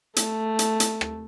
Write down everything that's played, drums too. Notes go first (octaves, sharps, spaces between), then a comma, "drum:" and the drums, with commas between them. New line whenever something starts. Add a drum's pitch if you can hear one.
A3, drum: hi-hat
drum: hi-hat
drum: hi-hat
drum: rim click